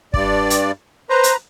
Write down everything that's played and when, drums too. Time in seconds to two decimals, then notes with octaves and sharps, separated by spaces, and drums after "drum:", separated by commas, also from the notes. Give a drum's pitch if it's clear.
0.14 G2 D5, drum: kick
0.50 drum: hi-hat
1.10 B4 C5 A#5
1.24 drum: hi-hat